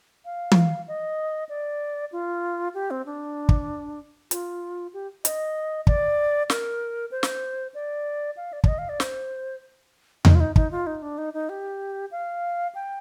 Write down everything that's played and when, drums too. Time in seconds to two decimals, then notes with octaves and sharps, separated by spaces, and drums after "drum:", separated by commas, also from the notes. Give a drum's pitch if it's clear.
0.25 F5
0.52 drum: tom E3
0.88 D#5
1.49 D5
2.12 F4
2.74 G4
2.91 C4
3.06 D4
3.49 drum: kick
4.31 F4, drum: hi-hat
4.93 G4
5.25 D#5, drum: hi-hat
5.87 D5, drum: kick
6.50 A#4, drum: snare
7.11 C5
7.23 drum: snare
7.75 D5
8.37 F5
8.53 D5
8.64 D5, drum: kick
8.68 D#5
8.78 F5
8.89 D5
9.00 C5, drum: snare
10.25 D#4, drum: tom E2
10.35 F4
10.40 D#4
10.56 D#4, drum: kick
10.72 F4
10.87 D#4
11.02 D4
11.18 D#4
11.34 D#4
11.49 G4
12.11 F5
12.75 G5